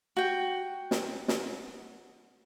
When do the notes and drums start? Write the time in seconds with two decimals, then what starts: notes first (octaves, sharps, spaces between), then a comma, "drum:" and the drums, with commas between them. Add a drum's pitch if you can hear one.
0.17 F#4 G5
0.91 drum: snare
1.28 drum: snare